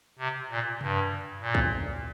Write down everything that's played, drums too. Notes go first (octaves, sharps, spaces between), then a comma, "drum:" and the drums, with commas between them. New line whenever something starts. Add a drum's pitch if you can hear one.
C3
A#2
G2, drum: tom C3
A#2
drum: kick